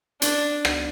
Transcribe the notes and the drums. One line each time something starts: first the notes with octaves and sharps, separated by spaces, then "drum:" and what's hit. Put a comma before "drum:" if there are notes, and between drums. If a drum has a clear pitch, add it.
D4, drum: hi-hat
drum: rim click